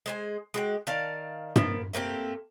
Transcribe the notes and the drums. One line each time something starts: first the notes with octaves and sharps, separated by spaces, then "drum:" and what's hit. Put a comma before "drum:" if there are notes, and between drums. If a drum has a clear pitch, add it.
G#3 C5 G#5
G#3 F#4 G4
D#3 D5 F5 A5
F3 A#3 B3, drum: tom
A3 A#3 C4 G4